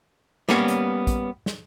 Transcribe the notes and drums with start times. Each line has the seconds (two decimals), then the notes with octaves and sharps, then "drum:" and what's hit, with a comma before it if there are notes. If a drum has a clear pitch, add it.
0.49 G3 A#3 B3 C#4 C#5, drum: snare
0.68 drum: hi-hat
1.07 drum: kick, hi-hat
1.46 drum: snare